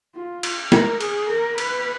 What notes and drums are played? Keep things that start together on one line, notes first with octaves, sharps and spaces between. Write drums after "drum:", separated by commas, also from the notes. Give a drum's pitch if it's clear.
F4
drum: cymbal
A#4, drum: snare
G#4, drum: cymbal
A#4
B4, drum: cymbal